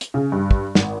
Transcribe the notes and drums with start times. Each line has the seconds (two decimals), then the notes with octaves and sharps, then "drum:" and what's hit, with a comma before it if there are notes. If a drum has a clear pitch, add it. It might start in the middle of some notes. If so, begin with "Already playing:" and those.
0.01 drum: hi-hat
0.14 C#3
0.32 G2
0.51 drum: kick
0.75 G#1, drum: snare